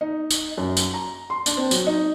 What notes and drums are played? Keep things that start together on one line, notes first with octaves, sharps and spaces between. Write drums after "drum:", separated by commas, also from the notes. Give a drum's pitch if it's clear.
D#4
drum: tambourine
F#2
drum: tambourine
A#5
C6
D4, drum: tambourine
C4
F#3, drum: tambourine
D#4